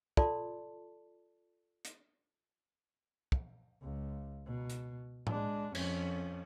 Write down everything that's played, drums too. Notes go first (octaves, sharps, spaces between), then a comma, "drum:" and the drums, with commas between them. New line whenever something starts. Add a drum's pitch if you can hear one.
F4 A4 D5 A5 C6, drum: kick
drum: hi-hat
drum: kick
C#2
B2
drum: hi-hat
G#3 D4, drum: tom A2
F2 C#4, drum: cymbal